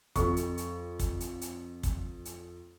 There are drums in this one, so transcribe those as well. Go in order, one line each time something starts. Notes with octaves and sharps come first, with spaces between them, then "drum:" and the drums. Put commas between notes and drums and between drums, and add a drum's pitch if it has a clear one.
F2 C#6, drum: kick, hi-hat
drum: hi-hat
drum: hi-hat
drum: kick, hi-hat
drum: hi-hat
drum: hi-hat
drum: kick, hi-hat
drum: hi-hat